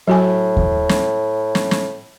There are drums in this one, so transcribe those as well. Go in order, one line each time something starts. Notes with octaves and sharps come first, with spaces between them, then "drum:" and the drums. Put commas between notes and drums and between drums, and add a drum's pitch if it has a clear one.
A2 F#3 F#4 G#5
drum: kick D#2
drum: snare
drum: snare
drum: snare